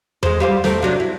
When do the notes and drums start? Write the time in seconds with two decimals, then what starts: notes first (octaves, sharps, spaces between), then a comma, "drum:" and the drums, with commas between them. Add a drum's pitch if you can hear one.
0.23 G#3 C5, drum: tom E2
0.40 G3 F4 C5
0.64 A3 C4 A#4, drum: snare
0.82 C3 F#3 D4
1.00 E4